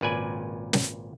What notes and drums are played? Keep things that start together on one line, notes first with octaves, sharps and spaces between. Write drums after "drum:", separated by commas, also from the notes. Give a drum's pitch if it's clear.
G#1 C#2 A#2 B4 D5 G#5
drum: snare